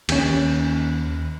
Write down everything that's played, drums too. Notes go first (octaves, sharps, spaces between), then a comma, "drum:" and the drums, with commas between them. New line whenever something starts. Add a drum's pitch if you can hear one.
D#2 C#4, drum: cymbal